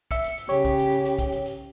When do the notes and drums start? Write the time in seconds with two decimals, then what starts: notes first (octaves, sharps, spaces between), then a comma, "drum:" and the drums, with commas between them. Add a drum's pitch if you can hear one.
0.11 E5 E6 C#7, drum: kick B1, hi-hat
0.24 drum: hi-hat
0.38 drum: hi-hat
0.49 C#3 G4 C#5, drum: hi-hat
0.65 drum: kick B1, hi-hat
0.78 drum: hi-hat
0.92 drum: hi-hat
1.05 drum: hi-hat
1.19 drum: kick B1, hi-hat
1.32 drum: hi-hat
1.46 drum: hi-hat